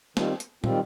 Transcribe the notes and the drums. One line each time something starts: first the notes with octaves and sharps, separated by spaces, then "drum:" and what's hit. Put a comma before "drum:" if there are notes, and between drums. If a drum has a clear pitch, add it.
D#3 G3 C4 F4, drum: snare
drum: hi-hat
D#3 G3 C4 F4, drum: tom